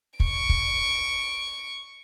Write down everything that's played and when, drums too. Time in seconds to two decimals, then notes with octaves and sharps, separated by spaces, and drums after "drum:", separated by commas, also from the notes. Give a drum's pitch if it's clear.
0.20 C#6 D7, drum: kick
0.49 drum: kick